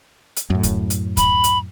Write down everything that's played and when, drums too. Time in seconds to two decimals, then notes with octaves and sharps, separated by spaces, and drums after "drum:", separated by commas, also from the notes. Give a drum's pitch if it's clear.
0.37 drum: hi-hat
0.50 F#2 A2
0.63 drum: kick D2, hi-hat
0.90 drum: hi-hat
1.17 B5, drum: kick D2, hi-hat
1.44 drum: hi-hat